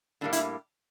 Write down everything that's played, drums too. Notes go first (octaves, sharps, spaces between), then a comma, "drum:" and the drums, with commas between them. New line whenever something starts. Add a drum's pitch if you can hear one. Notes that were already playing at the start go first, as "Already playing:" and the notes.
A2 G3 A#3 D4
E4, drum: hi-hat